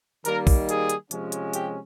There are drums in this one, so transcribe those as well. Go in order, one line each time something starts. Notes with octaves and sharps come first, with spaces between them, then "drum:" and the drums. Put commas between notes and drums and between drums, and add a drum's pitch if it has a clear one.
D#3 G3 A#3 D#4 A#4, drum: hi-hat
drum: kick, open hi-hat
G#4, drum: hi-hat
drum: hi-hat
C3 F3 G#3 C#4, drum: hi-hat
drum: hi-hat
G4, drum: hi-hat